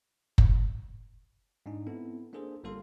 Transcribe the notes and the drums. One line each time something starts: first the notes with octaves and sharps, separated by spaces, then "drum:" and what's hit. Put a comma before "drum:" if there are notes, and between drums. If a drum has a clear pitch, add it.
drum: kick F#1
G#2 D4 D#4
B3 C4 E4 A4
A#3 D4 G#4 A4 C5
G1 G3 A#3 A4 F5 C6